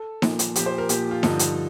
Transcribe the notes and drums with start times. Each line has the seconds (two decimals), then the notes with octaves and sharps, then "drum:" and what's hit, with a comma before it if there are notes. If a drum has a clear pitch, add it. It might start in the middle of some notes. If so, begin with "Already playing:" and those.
Already playing: A4
0.22 A#2 F3, drum: snare D#4
0.39 drum: hi-hat
0.56 A#2 F3 G4, drum: hi-hat
0.66 C5
0.78 A#4
0.89 A#2 F3 G4, drum: hi-hat
1.11 F4
1.23 G2 D3 F3 D#4, drum: snare D#4
1.39 drum: hi-hat